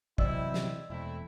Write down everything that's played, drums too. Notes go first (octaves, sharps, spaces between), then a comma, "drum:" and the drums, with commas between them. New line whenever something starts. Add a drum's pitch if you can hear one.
C3 E3 F#3 C4 E4 D5 D#5 E6, drum: kick
drum: snare
E1 A3 C4 E4